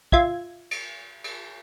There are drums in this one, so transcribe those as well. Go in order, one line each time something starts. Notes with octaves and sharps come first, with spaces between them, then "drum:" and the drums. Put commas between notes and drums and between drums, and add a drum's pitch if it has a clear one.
F4 E5 G#6, drum: kick
drum: cymbal
drum: cymbal